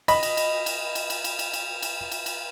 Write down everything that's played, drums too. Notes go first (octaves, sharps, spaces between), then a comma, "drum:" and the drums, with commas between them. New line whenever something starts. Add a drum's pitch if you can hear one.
D#5 B5, drum: cymbal
drum: cymbal
drum: cymbal
drum: cymbal
drum: cymbal
drum: cymbal
drum: cymbal
drum: cymbal
drum: cymbal
drum: cymbal
drum: cymbal
drum: cymbal